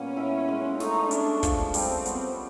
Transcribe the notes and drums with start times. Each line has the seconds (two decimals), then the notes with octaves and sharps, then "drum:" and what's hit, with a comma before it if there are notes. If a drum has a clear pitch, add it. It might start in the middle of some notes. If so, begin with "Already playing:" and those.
Already playing: A#2 G3 A#3 B3 C#4
0.17 E4
0.49 G#3
0.80 A3 D#4, drum: snare
1.11 C#4 D4, drum: hi-hat
1.43 F3, drum: kick, hi-hat
1.74 G3 C4, drum: open hi-hat
2.06 B3, drum: hi-hat